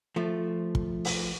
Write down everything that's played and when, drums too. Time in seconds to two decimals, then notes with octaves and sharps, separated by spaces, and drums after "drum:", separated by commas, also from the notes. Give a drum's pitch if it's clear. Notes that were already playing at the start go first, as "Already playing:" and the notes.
0.16 F3 A3
0.75 drum: kick
1.05 drum: open hi-hat